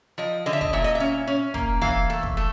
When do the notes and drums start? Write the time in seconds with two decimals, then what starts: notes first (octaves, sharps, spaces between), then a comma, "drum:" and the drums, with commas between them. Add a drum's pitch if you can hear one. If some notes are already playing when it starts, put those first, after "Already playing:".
0.18 F3 D#5
0.46 D3 D#5
0.53 E5
0.61 D#5, drum: kick
0.73 A#2 E5
0.84 D#5
0.95 E5
1.00 C#4
1.27 C#4
1.54 A#3, drum: kick
1.81 E3 F5, drum: kick
2.10 A3
2.23 drum: kick
2.37 A3